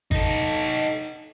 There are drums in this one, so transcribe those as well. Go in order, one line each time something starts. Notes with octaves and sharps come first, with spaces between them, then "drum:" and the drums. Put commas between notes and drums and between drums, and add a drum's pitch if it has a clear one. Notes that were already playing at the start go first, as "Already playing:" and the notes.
D#4 A4, drum: kick G#1